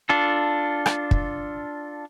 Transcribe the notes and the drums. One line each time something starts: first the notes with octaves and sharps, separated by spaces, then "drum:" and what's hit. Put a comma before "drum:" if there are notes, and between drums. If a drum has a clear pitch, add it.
D4 F4 A4
drum: rim click
drum: kick